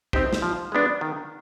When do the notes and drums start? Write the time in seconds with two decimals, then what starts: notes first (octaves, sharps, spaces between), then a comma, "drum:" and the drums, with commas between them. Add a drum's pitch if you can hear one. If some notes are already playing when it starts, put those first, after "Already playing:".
0.13 C4 D#4 G4 C5, drum: kick
0.33 drum: snare
0.42 F3
0.72 G#3 B3 D4
1.01 D#3